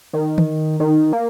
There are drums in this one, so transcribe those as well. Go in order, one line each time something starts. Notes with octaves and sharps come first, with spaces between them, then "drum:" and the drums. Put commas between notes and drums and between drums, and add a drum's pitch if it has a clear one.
D#3
drum: tom D#3
D#3
A#3